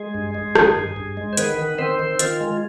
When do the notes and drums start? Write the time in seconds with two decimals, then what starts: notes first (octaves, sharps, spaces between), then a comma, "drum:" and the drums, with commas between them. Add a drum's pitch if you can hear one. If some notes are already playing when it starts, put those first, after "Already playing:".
Already playing: G#3 G#4
0.14 G2
0.35 G#3
0.55 D#3, drum: rim click
0.76 G2
0.96 G2
1.17 G#3
1.33 C5
1.37 D#3 B3 B4, drum: hi-hat
1.58 D#3
1.78 D#3 C4 C5
1.99 D#3
2.19 D#3 F4, drum: hi-hat
2.40 G#3